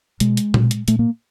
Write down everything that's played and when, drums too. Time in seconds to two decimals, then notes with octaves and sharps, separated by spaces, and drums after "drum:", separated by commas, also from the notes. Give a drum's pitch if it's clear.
0.20 B2 G#3, drum: hi-hat
0.37 drum: hi-hat
0.54 B2, drum: tom A#2
0.71 drum: hi-hat
0.88 A#2 A3, drum: hi-hat
0.99 A#3